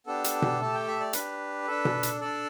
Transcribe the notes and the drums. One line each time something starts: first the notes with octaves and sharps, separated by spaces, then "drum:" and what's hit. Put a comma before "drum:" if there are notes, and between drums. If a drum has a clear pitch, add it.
B3 D4 G4 A4
drum: hi-hat
drum: tom B2
A3 G4 A5
G5
E5
D5
D4 G4 B4, drum: hi-hat
D4 A4
drum: tom B2
drum: hi-hat
D4 A4 D5